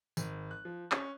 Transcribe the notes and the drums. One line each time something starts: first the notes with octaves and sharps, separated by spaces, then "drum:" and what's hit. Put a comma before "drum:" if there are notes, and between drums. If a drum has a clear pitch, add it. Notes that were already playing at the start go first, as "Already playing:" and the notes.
G#1, drum: tambourine
F#6
F3
C#4, drum: clap